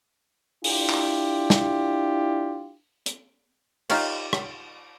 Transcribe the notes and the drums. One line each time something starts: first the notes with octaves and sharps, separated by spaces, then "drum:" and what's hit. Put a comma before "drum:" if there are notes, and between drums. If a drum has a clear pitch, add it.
D4 E4 F4 G4, drum: open hi-hat
drum: clap
drum: snare
drum: hi-hat
D#4 F4 G4 A#4 C#5, drum: cymbal
drum: rim click